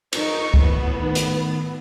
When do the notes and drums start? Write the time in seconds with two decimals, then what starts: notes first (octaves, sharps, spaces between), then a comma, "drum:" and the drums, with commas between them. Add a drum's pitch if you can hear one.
0.13 D#4 A#4 C#6, drum: cymbal
0.54 A2 B3, drum: kick
0.99 D#3
1.15 drum: hi-hat